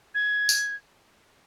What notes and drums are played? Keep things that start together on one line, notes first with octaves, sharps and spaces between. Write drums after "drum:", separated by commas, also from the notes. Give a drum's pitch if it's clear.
G#6
drum: tambourine